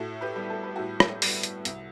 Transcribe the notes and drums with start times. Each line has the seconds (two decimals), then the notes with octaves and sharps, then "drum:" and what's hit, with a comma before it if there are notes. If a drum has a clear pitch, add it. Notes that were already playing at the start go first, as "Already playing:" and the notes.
Already playing: A2 F#4 A4
0.21 G4 B4
0.36 G3 B3
0.50 A4
0.63 B4
0.76 A2 F#4 A4
1.00 drum: rim click
1.22 G3 B3, drum: open hi-hat
1.43 drum: hi-hat
1.65 C2, drum: hi-hat